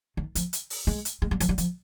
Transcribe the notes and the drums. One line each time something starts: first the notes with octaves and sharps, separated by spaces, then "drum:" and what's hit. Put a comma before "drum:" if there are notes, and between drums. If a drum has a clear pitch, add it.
D#3
F3, drum: hi-hat
drum: hi-hat
drum: open hi-hat
G#3
drum: hi-hat
G#3
G3
F3, drum: hi-hat
G3
F3, drum: hi-hat